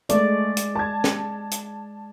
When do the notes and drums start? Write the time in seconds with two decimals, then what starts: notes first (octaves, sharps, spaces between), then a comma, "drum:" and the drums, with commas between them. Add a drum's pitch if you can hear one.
0.09 G#3 A3 D5, drum: hi-hat
0.57 drum: hi-hat
0.75 A5 G#6
1.04 drum: snare
1.51 drum: hi-hat